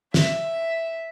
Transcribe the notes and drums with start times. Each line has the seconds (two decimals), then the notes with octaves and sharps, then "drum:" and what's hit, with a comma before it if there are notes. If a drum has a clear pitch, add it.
0.14 E5, drum: snare